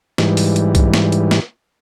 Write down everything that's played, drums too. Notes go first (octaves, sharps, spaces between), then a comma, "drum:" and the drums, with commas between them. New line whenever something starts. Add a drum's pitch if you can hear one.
G#2 E3 G3, drum: snare
drum: open hi-hat
drum: hi-hat
drum: kick B1, hi-hat
drum: snare
drum: hi-hat
drum: snare